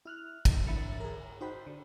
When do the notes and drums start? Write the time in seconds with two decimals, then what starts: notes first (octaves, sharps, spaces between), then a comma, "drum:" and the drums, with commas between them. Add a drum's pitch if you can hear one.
0.05 E4 F6 F#6
0.45 C#2 G2 D#3, drum: kick, cymbal
0.67 D3 E3 E5 B5 A6 C#7
1.00 G#4 A#4
1.41 D#4 F#4 C5 G5 B5
1.66 D3